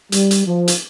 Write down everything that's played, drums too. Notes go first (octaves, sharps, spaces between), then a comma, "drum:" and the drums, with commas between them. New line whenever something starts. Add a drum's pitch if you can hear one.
G3, drum: hi-hat
drum: hi-hat
F3
drum: hi-hat